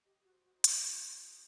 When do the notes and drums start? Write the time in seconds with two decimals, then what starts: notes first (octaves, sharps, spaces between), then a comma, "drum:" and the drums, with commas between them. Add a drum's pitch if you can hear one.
0.05 G4 D#5
0.25 F#4
0.31 C5
0.44 F#4
0.58 D#4
0.64 C#4, drum: hi-hat
0.84 F4 G#4
1.10 D#5